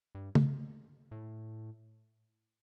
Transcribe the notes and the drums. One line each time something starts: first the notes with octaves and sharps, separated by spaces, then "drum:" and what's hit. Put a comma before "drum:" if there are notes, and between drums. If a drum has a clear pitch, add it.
G2
drum: tom C#3
A2